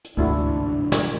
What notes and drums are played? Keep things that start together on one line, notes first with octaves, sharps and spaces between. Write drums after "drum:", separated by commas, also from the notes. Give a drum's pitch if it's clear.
drum: hi-hat
A1 D2 G#2 C3 A3 D4 E4 F#4
drum: snare